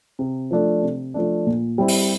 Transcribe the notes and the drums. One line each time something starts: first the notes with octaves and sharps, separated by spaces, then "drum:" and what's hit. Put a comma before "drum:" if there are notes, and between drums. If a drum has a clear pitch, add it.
C3
F3 A3 D4
C3
F3 A3 D4
A#2
G3 C4 E4
drum: open hi-hat